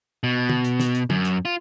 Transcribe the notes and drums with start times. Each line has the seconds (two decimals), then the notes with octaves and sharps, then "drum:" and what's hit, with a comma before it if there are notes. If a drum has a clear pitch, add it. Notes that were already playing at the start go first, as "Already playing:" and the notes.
0.23 B2
0.49 drum: tom
0.65 drum: hi-hat
0.80 drum: snare
0.95 drum: hi-hat
1.10 F#2, drum: tom
1.25 drum: hi-hat
1.45 F4